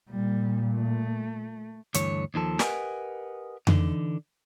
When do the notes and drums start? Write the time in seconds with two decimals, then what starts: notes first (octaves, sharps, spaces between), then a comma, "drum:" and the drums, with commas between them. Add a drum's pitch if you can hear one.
0.10 A#2 G3
0.74 A3
1.94 D2 G2 D3 E3 C#5, drum: hi-hat
2.34 D#2 D#3 F3 A4
2.59 G4 A#4 B4 D#5 F#5 G#5, drum: snare
3.67 D3 E3 D#4, drum: tom F2